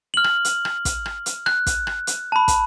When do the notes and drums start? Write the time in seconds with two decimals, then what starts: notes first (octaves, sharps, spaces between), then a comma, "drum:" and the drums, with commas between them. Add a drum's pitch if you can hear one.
0.14 F6 F#7
0.24 drum: rim click
0.45 drum: hi-hat
0.65 drum: rim click
0.85 drum: kick, hi-hat
1.06 drum: rim click
1.26 drum: hi-hat
1.46 F#6, drum: rim click
1.67 drum: kick, hi-hat
1.87 drum: rim click
2.07 drum: hi-hat
2.32 A5 B5
2.48 drum: kick, hi-hat